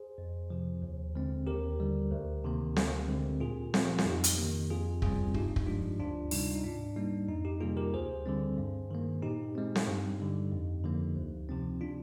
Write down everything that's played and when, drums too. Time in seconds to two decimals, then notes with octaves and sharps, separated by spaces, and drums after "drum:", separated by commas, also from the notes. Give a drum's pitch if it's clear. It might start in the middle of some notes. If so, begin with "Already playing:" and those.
Already playing: G#4 C5
0.18 F2
0.50 C3 F3
0.82 D#2
1.15 D3 G#3 C4
1.47 D#2 G4 A#4
1.80 D3 G3
2.11 D2
2.44 C3 D#3 A#3
2.76 D2, drum: snare C4
3.08 D3 G#3 C4
3.40 A#2 F4 G#4
3.74 F3 C4, drum: snare C4
3.98 F4, drum: snare C4
4.05 F2 D#4 G4
4.24 drum: hi-hat
4.38 D#3 A#3
4.70 F2 F4 G#4
5.02 C3 G3 C4 F4 G#4, drum: kick
5.34 G2 D#4 G4, drum: kick
5.56 drum: kick
5.66 F3 G#3 D4 F4
5.99 D2 D4 F4
6.31 C3 G3 D#4, drum: open hi-hat
6.55 D#4
6.64 G#2 D4
6.96 G3 A#3 D#4
7.28 F2 D#4
7.45 D#4 G4
7.61 C3 G3 A#3 F4 G#4
7.77 G4 A#4
7.94 D2 G#4 C5
8.26 D3 G3 C4
8.58 G2
8.91 D#3 A#3
9.22 A#2 D#4 G4
9.55 G#3 C4
9.75 drum: snare C4
9.87 G2
10.20 D3 G3
10.52 F2
10.84 D3 F3 A#3
11.16 D2
11.49 C3 F3 C4
11.81 D4 F4